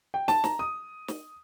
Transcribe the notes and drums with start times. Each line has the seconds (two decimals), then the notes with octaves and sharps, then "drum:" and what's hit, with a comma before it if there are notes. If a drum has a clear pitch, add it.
0.14 G5
0.28 A5, drum: snare
0.44 A#5, drum: snare
0.59 D#6
1.08 drum: snare